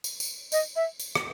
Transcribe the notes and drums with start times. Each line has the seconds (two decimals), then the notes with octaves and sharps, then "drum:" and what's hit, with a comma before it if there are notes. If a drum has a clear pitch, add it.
0.04 drum: tambourine
0.20 drum: tambourine
0.52 D#5, drum: tambourine
0.75 E5
1.00 drum: tambourine
1.15 drum: rim click